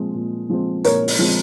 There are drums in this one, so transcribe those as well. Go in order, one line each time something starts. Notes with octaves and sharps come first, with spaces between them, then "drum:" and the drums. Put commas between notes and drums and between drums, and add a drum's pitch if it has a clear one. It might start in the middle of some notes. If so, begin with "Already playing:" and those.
Already playing: A#2 F3 G#3 C4
A#2
F3 G#3 C4
A#2 A#4 C#5, drum: hi-hat
drum: open hi-hat
F3 G#3 C4